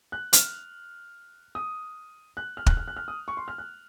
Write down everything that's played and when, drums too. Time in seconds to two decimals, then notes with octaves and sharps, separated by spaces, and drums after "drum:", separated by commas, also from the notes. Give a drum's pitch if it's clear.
0.12 F#6
0.33 F6, drum: hi-hat
1.55 D#6
2.37 F#6
2.57 F6
2.66 F#6, drum: kick
2.77 F6
2.88 F#6
2.97 F6
3.08 D#6
3.28 C#6
3.37 C6
3.48 F6
3.58 F#6